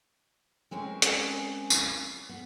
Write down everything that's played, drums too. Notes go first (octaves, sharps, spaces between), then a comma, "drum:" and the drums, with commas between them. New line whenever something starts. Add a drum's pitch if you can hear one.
G#3 C4 C#4 A#4
drum: hi-hat
drum: tambourine
B3